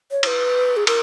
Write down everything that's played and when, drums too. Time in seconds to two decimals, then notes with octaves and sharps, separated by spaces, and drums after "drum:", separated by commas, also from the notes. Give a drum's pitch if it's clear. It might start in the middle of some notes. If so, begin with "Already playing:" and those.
0.11 C#5
0.23 C#5, drum: cymbal
0.27 B4
0.77 G#4
0.87 A#4, drum: cymbal